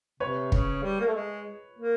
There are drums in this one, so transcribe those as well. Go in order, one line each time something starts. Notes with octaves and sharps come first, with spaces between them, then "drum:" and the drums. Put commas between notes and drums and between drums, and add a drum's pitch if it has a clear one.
C3 B4 C#5
C#3, drum: kick
G3
A#3
A3
G#3
A#3